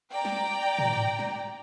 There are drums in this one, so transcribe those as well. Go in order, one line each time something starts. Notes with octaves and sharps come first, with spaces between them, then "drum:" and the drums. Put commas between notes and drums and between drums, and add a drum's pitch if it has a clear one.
D5 G5 A#5
drum: snare
drum: tom
drum: snare